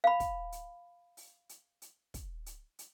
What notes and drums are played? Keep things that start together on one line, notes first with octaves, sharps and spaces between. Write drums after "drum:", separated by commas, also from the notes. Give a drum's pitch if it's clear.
F5 B5
drum: kick, hi-hat
drum: hi-hat
drum: open hi-hat
drum: hi-hat
drum: hi-hat
drum: kick, hi-hat
drum: hi-hat
drum: hi-hat